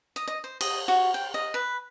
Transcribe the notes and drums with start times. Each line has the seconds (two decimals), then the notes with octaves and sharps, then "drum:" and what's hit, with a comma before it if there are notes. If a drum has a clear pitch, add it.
0.16 D#5
0.28 D#5
0.44 C5
0.61 D#5, drum: cymbal
0.88 F#4
1.14 G5
1.34 D#5
1.54 B4